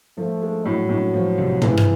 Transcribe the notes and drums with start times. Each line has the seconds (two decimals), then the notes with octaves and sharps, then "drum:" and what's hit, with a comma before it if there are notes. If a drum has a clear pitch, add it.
0.17 F3 A3
0.42 G#3
0.65 A2 F#3
0.89 A2
1.14 F3
1.38 C2
1.62 E3 G#3, drum: tom
1.77 drum: rim click